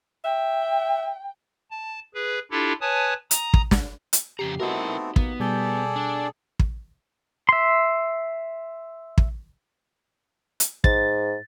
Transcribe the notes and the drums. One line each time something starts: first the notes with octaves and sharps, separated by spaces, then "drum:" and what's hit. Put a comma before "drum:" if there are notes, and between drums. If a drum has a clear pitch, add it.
E5 G5
A5
G#4 B4
D4 E4 F4 G4 A4
B4 C#5 G#5 A5 D#6
A#5 D#6, drum: hi-hat
drum: kick
drum: snare
drum: hi-hat
F2 C#3 G4 A#5 C7
A3 B3 C4 D#4 E4 F#4 A#4
A#3 B3, drum: kick
B2 G3 G#4 A4 D5 G6
D4
drum: kick
E5 C6
drum: kick
drum: hi-hat
G#2 A6, drum: kick